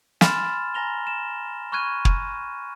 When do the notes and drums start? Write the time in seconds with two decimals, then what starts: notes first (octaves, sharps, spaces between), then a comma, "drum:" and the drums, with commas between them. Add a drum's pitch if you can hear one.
0.21 G#5 B5 C6 F6 A6 E7, drum: snare
0.74 G#5 A#5 A#6 F7 G7
1.07 E7
1.72 B5 C#6 F6 F#6 G#6 D#7
2.05 drum: kick